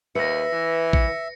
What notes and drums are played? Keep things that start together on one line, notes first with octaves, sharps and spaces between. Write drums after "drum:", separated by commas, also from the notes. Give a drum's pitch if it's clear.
D#2 B4 E5 A#6 C#7
E3
C#7, drum: kick